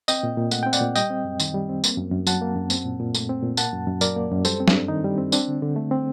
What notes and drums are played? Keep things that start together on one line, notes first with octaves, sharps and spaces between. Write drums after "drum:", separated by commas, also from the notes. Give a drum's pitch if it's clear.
C4 D#5 G5, drum: tambourine
A#2
A#2
A3 F#5, drum: tambourine
C4 G5
D5 F#5, drum: tambourine
A#2
G3 D#5 G5, drum: tambourine
C4
F#2
D#3, drum: tambourine
G3
C4
A#3, drum: tambourine
F#2
F#2
F#3 F#5 A5, drum: tambourine
A#3
F#2
C4, drum: tambourine
A#2
A#2
A3, drum: tambourine
C4
A#2
A#3 F#5 A5, drum: tambourine
F#2
F#2
F#3 A#4 D5, drum: tambourine
A#3
F#2
G3 A4 C5, drum: tambourine
C4
D4, drum: snare
G2
D#3 D#4
G3
C4
C4 D4, drum: tambourine
D3
D3
A3
C4